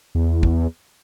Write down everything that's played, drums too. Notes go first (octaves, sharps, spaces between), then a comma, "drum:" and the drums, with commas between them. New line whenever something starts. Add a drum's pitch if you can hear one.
E2
drum: kick